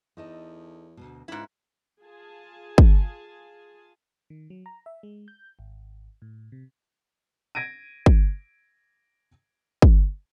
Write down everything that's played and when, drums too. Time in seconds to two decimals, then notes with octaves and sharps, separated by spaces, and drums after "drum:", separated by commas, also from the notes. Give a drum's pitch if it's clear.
0.17 E2 D#4 A4 D#5
0.97 D2 G#2 B2
1.28 C#2 G#2 C#4 E4
2.02 F4 G#4 G#5 A5
2.78 drum: kick
4.30 D#3
4.50 F#3
4.66 A#5
4.86 E5
5.03 G#3
5.28 G6
5.59 G#1
6.22 A2
6.52 C3
7.55 G#6 A#6 D7 D#7
8.06 drum: kick
9.82 drum: kick